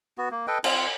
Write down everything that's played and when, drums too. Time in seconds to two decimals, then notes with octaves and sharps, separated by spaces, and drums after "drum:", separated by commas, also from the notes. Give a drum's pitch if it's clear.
0.18 B3 F#4
0.31 A#3
0.48 A4 B4 D#5 G5
0.64 C4 F4, drum: cymbal